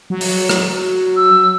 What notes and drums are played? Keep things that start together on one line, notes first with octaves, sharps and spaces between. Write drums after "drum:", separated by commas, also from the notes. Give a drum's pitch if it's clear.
F#3
drum: open hi-hat
drum: rim click
E6